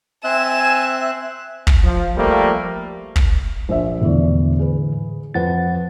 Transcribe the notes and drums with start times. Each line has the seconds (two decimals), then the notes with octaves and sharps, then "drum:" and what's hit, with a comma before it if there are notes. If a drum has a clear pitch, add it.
0.24 C4 E5 G#5 F#6 E7
1.67 drum: kick
1.82 F3
2.16 F3 G3 A3 A#3
3.16 drum: kick
3.69 A#1 E5
4.01 E1 A2 D3 E3 D5
4.59 G#4 B4
5.34 F2 B4 F#5 A6